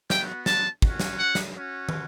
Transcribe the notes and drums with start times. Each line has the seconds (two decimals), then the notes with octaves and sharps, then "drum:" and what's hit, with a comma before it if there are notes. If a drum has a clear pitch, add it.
0.10 B3 F#4 G5, drum: snare
0.46 A5, drum: snare
0.82 C#4 F#4, drum: kick
1.00 drum: snare
1.18 F#5
1.35 drum: snare
1.53 C#4 F#4
1.89 drum: tom